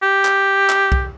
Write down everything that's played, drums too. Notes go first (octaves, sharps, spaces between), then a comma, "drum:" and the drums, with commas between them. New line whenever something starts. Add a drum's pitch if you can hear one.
G4
drum: clap
drum: clap
drum: kick